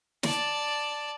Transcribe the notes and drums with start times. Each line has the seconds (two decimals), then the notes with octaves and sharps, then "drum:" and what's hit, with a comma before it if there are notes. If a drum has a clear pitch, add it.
0.23 D5 A5, drum: snare